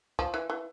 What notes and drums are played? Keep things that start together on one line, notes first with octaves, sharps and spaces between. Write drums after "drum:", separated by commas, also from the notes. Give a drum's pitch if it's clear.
F3, drum: kick
E3
E3